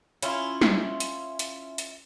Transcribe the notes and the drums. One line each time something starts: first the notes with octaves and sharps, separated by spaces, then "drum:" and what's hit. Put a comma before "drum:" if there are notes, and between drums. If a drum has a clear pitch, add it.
C#4 E4 F4, drum: hi-hat
drum: snare
drum: hi-hat
drum: hi-hat
drum: hi-hat